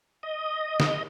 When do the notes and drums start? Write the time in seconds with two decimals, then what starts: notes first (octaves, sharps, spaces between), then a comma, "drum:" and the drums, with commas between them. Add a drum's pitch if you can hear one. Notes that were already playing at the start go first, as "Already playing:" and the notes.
0.23 D#5
0.80 drum: snare